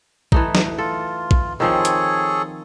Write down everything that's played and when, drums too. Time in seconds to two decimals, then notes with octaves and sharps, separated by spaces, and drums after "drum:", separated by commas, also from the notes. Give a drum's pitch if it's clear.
0.32 E3 A3 D#4, drum: kick
0.55 drum: snare
0.78 F4 A4
1.31 drum: kick
1.60 D#3 F3 C4 G#4 A4 C#5
1.85 drum: hi-hat